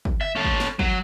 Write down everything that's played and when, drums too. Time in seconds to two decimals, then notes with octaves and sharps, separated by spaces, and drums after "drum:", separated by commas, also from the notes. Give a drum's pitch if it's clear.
0.05 drum: kick
0.21 E5
0.36 C#4 A4
0.45 drum: kick
0.60 drum: snare
0.79 F#3, drum: kick